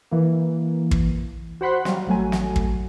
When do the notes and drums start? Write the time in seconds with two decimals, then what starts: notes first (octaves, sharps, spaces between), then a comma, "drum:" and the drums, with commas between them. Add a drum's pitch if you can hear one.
0.11 E3 A#3
0.91 drum: kick
1.61 F#4 C5 F#5 B5 C6 F#6
1.85 F#3 G3 F5, drum: snare
2.07 A1 F#3 A3 G#5
2.32 drum: snare
2.56 drum: kick